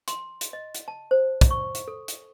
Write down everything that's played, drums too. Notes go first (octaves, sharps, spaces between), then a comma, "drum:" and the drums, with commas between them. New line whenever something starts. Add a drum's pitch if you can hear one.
C6, drum: hi-hat
drum: hi-hat
D#5
drum: hi-hat
A5
C5
drum: kick, hi-hat
C#6
drum: hi-hat
A4
drum: hi-hat